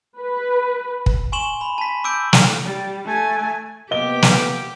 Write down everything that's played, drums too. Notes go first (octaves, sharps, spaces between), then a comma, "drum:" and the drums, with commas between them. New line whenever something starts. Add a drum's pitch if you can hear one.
B4
drum: kick
G#5 C6 C#6 E7 F#7
B5
A5 B6
D6 E6 G6 D7
drum: snare
G3
A3 G#5
C3 A#3 B3 G4 D#5 G7
drum: snare